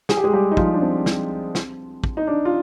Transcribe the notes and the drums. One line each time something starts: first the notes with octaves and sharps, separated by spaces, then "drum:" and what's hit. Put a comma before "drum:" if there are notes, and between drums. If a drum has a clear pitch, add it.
G#4, drum: snare
G4
G#3 G#4
G3 G4
D#4
F3 F4, drum: kick
D#4
D4
C4
drum: snare
drum: snare
drum: kick
D#4
D4
F4